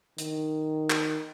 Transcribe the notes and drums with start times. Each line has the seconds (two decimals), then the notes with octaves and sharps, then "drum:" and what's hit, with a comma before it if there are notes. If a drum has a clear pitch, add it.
0.18 D#3, drum: hi-hat
0.90 drum: clap